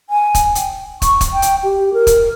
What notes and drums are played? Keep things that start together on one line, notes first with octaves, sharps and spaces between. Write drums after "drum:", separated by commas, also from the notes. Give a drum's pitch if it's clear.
G#5
drum: kick, hi-hat
G5, drum: hi-hat
C#6, drum: kick, hi-hat
drum: kick, hi-hat
G5
drum: hi-hat
G4
A#4
drum: kick, hi-hat